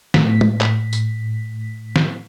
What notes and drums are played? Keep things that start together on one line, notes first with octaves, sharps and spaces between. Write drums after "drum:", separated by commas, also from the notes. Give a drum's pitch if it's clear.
A2 B6, drum: snare
drum: tom
drum: clap
drum: tambourine
drum: snare